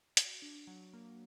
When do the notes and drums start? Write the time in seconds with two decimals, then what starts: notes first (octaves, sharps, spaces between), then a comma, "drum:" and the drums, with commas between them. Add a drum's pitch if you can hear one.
0.17 F#4, drum: hi-hat
0.42 D4
0.67 F#3
0.94 A#3